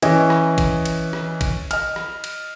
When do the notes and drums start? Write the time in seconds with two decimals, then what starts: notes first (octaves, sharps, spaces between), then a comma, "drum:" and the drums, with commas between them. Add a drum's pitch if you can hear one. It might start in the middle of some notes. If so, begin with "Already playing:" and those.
0.02 E3 C#4 D#5, drum: cymbal
0.30 drum: rim click
0.58 drum: kick, cymbal
0.85 drum: cymbal
1.13 drum: rim click
1.41 drum: kick, cymbal
1.71 D#5 F6, drum: cymbal
1.96 drum: rim click
2.24 drum: cymbal